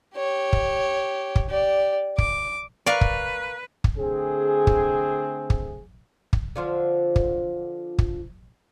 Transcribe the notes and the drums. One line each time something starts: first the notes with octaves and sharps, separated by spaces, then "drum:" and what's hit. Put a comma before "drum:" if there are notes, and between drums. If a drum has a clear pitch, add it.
G4 C#5
drum: kick
drum: kick
G4 D5
D6, drum: kick
A#4 B4 D5 F5 C#6
drum: kick
drum: kick
D3 A3 C4 G#4
drum: kick
drum: kick
drum: kick
D3 F3 F4
drum: kick
drum: kick